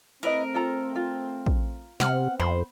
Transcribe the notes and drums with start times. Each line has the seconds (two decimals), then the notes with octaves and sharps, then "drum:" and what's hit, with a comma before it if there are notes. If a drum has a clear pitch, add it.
0.23 A3 C4 E4 A#4 B4 D#5
0.54 F4 A4 A#5
0.96 F4
1.46 drum: kick
2.00 C3 B3 C4 F#5 F6, drum: snare
2.40 F2 C5 B5